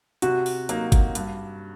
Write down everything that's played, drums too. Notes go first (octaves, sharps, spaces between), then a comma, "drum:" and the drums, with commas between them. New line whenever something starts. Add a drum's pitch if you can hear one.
C3 F#4, drum: hi-hat
drum: open hi-hat
F#3 A#3 D#4, drum: hi-hat
drum: kick G1, hi-hat
G2, drum: hi-hat